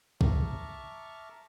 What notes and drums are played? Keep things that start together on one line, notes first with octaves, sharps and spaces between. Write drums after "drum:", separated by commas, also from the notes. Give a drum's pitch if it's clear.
E5 A5 A#5 C#6 D6 F6, drum: kick